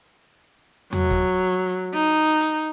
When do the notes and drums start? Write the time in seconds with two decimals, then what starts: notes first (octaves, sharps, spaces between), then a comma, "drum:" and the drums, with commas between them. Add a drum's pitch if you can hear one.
0.93 F#3, drum: tom E2
1.11 drum: kick
1.94 D#4
2.41 drum: hi-hat